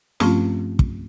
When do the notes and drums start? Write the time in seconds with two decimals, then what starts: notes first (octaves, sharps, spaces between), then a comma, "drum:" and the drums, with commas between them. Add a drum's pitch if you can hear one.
0.20 G2 F3 A3 C4 C#4 F4, drum: snare
0.79 drum: kick